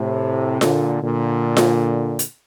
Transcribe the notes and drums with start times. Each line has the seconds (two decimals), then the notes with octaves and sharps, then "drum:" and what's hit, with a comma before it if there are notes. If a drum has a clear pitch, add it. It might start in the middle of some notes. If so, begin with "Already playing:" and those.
Already playing: A2 C3
0.61 A#2 D3, drum: snare F4
1.02 A#2 D3
1.57 drum: snare F4
2.19 drum: hi-hat